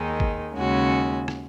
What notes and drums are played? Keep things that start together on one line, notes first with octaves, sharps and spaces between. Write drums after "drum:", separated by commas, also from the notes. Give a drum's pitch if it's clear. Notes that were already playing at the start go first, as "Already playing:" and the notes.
Already playing: D#2 D#3 G#3 D#4
drum: kick G#1
D#2 C#3 G#3 C#4 F#4
drum: rim click